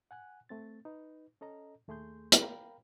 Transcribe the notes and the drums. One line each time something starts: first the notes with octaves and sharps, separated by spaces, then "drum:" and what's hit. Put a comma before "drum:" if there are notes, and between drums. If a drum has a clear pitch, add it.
F#5 G#5 F#6
A3 C4 A6
D#4 B4
C#4 A4 D#5 A#5
D#2 A3 G#4 C6 G6
drum: hi-hat
A#4 F5 G5 A#5 B5